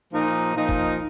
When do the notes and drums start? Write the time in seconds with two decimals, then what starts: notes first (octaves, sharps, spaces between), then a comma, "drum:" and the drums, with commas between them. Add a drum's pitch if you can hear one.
0.12 A#2 F3 A#3 D#4
0.55 A#2 F3 A#3 D#4
0.69 drum: kick F1